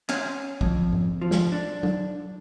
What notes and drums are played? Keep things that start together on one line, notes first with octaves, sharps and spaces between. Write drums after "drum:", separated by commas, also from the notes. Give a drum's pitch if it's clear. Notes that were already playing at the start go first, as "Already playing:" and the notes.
C#4, drum: clap
F2, drum: kick
drum: tom G#2
F3
drum: snare
D4
drum: tom F#3